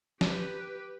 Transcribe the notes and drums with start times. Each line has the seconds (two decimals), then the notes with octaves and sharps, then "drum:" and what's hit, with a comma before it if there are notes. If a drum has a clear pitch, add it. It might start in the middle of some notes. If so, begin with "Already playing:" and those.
0.21 G4 B4, drum: snare